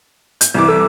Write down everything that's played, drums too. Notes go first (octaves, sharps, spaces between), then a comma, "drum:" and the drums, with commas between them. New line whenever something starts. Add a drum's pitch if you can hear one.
G6, drum: hi-hat
C2 E3 D6
A4